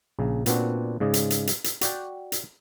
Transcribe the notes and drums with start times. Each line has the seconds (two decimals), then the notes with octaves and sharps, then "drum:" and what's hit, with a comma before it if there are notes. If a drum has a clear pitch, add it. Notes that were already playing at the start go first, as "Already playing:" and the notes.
0.19 A#1 C#3
0.46 A#2 B3 C4 D4 F#4, drum: hi-hat
1.00 G#2 C#3 D5 D#5
1.14 drum: hi-hat
1.30 drum: hi-hat
1.47 drum: hi-hat
1.64 drum: hi-hat
1.81 F#4 D5 G5, drum: hi-hat
2.32 drum: hi-hat